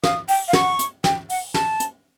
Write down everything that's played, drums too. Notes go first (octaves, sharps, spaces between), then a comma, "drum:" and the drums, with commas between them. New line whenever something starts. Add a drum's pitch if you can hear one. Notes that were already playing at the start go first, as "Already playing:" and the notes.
F5 D#6, drum: snare
G5, drum: open hi-hat
F5
F#5 C#6, drum: snare
drum: hi-hat
G5, drum: snare
F#5, drum: open hi-hat
A5, drum: snare
drum: hi-hat